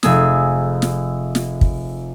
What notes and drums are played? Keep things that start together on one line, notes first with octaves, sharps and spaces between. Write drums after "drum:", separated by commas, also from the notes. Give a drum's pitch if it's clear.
F1 G#4 E6, drum: snare
drum: snare
drum: snare
drum: kick